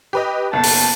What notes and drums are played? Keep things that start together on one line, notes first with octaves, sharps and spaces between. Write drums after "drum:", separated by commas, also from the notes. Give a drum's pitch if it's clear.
G4 B4 D#5
F#1 B1 A5
drum: open hi-hat